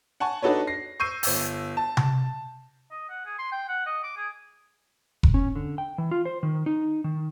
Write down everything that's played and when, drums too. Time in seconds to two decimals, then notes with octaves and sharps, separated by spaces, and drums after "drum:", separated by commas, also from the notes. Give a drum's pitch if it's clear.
0.20 F#5 G#5 A5 C#6
0.42 D4 D#4 F#4 A4 B4 C#5
0.67 A#6 C7
1.00 C#6 E6 G6 C7 D#7
1.23 G1 E6, drum: open hi-hat
1.77 A5
1.97 drum: tom C3
2.91 D#5
3.10 F#5
3.26 G#4
3.39 C6
3.52 G5
3.69 F#5
3.86 D#5
4.03 D6
4.17 G#4
5.23 drum: kick F1
5.34 C#4
5.56 D3
5.78 G5
5.98 E3
6.11 F4
6.25 C5
6.43 D#3
6.66 D#4
7.04 D#3